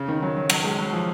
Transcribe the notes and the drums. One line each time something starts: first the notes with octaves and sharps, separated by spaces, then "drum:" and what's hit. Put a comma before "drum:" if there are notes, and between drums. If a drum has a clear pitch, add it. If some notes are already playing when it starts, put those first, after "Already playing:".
Already playing: C#3
D#3
F#3
F#3
F#3, drum: cymbal
G#3
F#3
F3